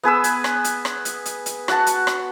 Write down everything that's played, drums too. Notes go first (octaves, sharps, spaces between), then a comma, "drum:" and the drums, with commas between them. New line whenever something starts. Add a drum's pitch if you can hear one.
B3 G#4 B4 E6
drum: hi-hat
drum: rim click
drum: hi-hat
drum: rim click
drum: hi-hat
drum: hi-hat
drum: hi-hat
F#4 F#5 A5, drum: rim click
drum: hi-hat
drum: rim click